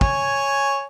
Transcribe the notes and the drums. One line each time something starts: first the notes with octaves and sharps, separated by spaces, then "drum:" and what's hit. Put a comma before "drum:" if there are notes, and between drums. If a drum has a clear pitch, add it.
C#5 G#5, drum: kick